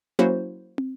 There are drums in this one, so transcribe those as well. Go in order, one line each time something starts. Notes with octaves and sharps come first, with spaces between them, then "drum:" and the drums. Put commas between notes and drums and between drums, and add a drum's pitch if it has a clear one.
F#3 A#3 C#4 E4 F#4 C5
drum: tom